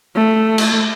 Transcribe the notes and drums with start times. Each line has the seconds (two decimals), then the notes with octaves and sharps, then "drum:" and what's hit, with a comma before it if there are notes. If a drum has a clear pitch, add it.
0.15 A3
0.58 drum: cymbal